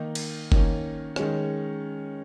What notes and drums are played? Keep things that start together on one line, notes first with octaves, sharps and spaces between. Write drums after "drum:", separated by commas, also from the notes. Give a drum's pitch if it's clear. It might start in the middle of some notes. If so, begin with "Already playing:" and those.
Already playing: D#3 A#3 D#4
drum: cymbal
D#3 A#3 C#4, drum: kick F#1
D#3 G#3 C#4, drum: rim click